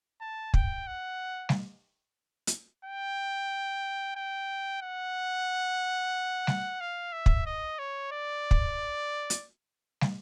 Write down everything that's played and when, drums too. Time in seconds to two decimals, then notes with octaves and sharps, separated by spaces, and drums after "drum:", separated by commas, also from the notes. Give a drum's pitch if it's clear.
0.21 A5
0.54 G5, drum: kick
0.87 F#5
1.49 drum: snare
2.47 drum: hi-hat
2.85 G5
4.16 G5
4.82 F#5
6.47 drum: snare
6.81 F5
7.13 E5
7.26 drum: kick
7.46 D#5
7.79 C#5
8.12 D5
8.51 drum: kick
9.30 drum: hi-hat
10.01 drum: snare